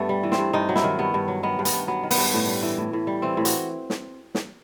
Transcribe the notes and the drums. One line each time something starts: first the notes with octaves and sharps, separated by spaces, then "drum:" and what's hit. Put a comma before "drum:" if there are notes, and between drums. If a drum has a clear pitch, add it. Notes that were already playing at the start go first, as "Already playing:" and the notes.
Already playing: G2 A3 B3
G3
E3
C4, drum: snare
G2
G2 D#4
F#3
E4, drum: snare
D#3
G2 B3
G2
F#3
D#3 B3
G2
B3, drum: hi-hat
G2
F#3 B3
D#3
B3, drum: open hi-hat
G2
A2
G3
E3
A2
A2
G3
E3 C4
A2
F#4, drum: hi-hat
drum: snare
drum: snare